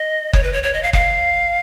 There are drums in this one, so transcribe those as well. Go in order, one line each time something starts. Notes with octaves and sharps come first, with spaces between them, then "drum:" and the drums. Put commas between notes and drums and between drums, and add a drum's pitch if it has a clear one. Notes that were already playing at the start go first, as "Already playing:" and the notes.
Already playing: D#5
C#5, drum: kick F#1
B4
C#5
C#5
D#5
F5
F5, drum: kick F#1